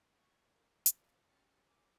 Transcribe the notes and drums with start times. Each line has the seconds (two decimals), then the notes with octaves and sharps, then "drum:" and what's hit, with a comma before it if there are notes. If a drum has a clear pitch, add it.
0.17 C#6 G#6
0.49 A#3
0.86 C5 D5 F5 A5 D6, drum: hi-hat
1.25 C#4 F#4 G4 F6 A6 C#7
1.62 G#5 D6